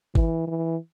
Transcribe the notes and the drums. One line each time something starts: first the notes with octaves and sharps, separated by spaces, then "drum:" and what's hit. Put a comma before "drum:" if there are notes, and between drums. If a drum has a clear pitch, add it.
E3, drum: kick G1
E3